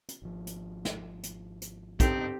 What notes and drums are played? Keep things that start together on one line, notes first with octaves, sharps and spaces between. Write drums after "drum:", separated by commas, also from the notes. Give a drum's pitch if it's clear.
drum: hi-hat
G#1 F3
drum: hi-hat
drum: snare
drum: hi-hat
drum: hi-hat
G1 C4 D#4 G4 A4, drum: kick, hi-hat